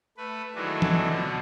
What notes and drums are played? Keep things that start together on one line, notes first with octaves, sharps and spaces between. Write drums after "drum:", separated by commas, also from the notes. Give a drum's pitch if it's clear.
A3 B4
D#3 E3 F#3 G#3 A3 D4
drum: tom
B2 D3 F3 D4